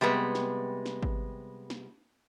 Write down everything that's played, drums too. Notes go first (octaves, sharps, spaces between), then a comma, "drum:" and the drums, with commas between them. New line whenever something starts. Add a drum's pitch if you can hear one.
C3 G3 G#3 B3
drum: snare
drum: snare
drum: kick G#1
drum: snare